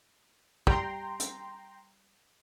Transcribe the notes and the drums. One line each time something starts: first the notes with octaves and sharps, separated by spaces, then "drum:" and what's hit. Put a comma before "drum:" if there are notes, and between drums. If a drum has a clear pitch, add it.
G3 G5 A#5 C6, drum: kick A1
drum: hi-hat